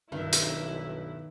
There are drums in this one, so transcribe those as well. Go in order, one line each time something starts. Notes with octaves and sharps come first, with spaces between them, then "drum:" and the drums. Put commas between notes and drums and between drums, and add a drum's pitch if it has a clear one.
B1 G2 D#3 E4 E5
drum: hi-hat